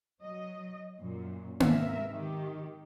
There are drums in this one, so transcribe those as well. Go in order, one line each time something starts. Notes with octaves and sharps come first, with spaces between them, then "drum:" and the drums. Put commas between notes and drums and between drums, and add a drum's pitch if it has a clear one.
F#3 D#5
F#2 A#2
G#2 C3 G#3 B3 A#4 E5, drum: tom A#3
D#3 G4